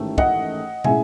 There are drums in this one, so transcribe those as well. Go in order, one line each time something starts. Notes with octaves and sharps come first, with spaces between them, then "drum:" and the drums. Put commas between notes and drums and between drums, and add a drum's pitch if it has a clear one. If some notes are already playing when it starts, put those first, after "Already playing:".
Already playing: A1 G#2 D#3 A3 C#4
D#5 F#5, drum: kick
A2 G#3 C#4 E4 E5 G#5, drum: tom